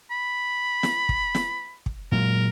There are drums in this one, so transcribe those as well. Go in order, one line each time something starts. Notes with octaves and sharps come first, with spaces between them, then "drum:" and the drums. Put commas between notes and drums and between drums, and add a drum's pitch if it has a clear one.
B5
drum: snare
drum: kick
drum: snare
drum: kick
A#2 F#3 G#3 A#4